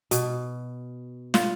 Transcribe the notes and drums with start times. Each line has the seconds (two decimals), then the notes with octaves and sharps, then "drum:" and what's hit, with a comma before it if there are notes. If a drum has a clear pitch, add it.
0.11 B2, drum: hi-hat
1.34 F4, drum: snare